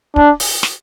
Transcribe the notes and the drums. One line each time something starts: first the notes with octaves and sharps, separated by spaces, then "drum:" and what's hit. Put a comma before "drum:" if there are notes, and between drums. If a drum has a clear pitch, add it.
D4, drum: kick
drum: open hi-hat
drum: snare